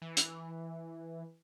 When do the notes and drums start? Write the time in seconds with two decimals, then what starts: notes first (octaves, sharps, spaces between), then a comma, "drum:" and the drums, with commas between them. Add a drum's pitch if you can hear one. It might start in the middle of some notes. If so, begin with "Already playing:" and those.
0.02 E3
0.17 drum: hi-hat